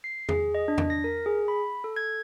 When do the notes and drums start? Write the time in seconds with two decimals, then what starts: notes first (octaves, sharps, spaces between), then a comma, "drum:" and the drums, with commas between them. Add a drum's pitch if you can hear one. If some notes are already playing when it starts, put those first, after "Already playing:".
0.04 C7
0.29 G#4, drum: tom E2
0.55 D#5
0.68 D4
0.78 drum: tom E2
0.90 A#6
1.04 A#4
1.26 G#4
1.48 B5
1.84 A4
1.96 G#6